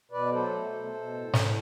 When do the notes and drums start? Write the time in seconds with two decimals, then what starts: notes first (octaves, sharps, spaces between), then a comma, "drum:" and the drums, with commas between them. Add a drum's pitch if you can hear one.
0.11 B2 B4 D5
0.31 F#3 A4 C5
0.51 A3
0.72 B2
0.93 B2
1.13 A2
1.33 A2, drum: snare